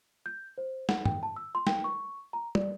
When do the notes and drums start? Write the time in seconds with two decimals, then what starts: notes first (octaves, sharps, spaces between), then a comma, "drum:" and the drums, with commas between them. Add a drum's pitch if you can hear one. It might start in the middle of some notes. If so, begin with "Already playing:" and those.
0.26 G6
0.58 C5
0.89 F#5, drum: snare
1.05 G5, drum: tom
1.23 A5
1.36 E6
1.55 C6
1.67 G5, drum: snare
1.84 C#6
2.33 A#5
2.55 D5, drum: tom